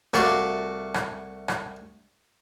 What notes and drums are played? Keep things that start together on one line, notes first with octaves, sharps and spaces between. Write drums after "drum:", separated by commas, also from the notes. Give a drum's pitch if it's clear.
C2 A3 F#4 D5 F5 C6, drum: rim click
drum: rim click
drum: rim click